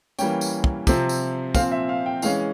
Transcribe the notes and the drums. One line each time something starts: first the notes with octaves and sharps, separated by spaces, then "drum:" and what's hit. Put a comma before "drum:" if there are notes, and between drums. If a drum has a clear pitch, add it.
E3 G3 A#3 C#4 G5, drum: tambourine
drum: tambourine
drum: kick
C3 F3 C4, drum: kick, tambourine
drum: tambourine
A#2 F3 C4 F5, drum: kick, tambourine
E5
F5
G5
E3 G#3 C#4 F5, drum: tambourine